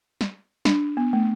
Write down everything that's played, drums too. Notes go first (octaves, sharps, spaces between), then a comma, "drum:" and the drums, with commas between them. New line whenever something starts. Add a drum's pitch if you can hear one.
drum: snare
D4, drum: snare
B3
A3